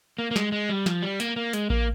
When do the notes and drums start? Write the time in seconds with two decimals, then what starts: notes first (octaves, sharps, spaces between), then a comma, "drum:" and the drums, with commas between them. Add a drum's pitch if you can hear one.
0.18 A#3
0.31 A#3
0.36 G#3, drum: snare
0.52 G#3
0.69 G3
0.86 F3, drum: snare
1.03 G3
1.20 A#3, drum: hi-hat
1.36 A#3
1.53 G#3, drum: hi-hat
1.70 A#3, drum: kick A1